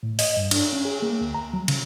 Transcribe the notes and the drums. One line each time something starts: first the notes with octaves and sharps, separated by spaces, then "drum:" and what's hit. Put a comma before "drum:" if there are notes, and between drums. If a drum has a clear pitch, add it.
A2
D#5, drum: open hi-hat
G2
D4, drum: cymbal
C#4
G#4
A#3
D2
A#5
F#3
C#3, drum: cymbal